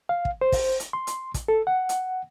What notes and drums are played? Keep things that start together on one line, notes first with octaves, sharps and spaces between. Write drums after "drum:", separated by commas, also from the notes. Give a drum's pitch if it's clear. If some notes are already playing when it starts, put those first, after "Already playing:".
F5
drum: kick
C5
drum: kick, open hi-hat
drum: hi-hat
C6
drum: hi-hat
drum: kick, hi-hat
A4
F#5
drum: hi-hat